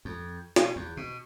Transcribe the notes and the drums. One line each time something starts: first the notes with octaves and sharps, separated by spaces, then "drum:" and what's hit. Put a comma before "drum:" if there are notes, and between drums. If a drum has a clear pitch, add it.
F2
B2, drum: snare
E2
B2